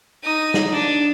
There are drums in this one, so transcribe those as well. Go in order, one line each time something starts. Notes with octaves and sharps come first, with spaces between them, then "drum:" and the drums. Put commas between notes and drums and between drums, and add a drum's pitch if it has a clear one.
D#4 D#6
drum: snare
D4